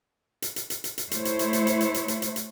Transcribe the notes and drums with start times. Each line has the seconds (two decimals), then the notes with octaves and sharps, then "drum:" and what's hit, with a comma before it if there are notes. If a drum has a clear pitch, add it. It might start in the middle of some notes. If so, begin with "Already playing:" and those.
0.42 drum: hi-hat
0.56 drum: hi-hat
0.70 drum: hi-hat
0.84 drum: hi-hat
0.98 drum: hi-hat
1.11 A3 E4 C5 C#5, drum: hi-hat
1.25 drum: hi-hat
1.39 drum: hi-hat
1.53 drum: hi-hat
1.67 drum: hi-hat
1.81 drum: hi-hat
1.94 drum: hi-hat
2.08 drum: hi-hat
2.22 drum: hi-hat
2.36 drum: hi-hat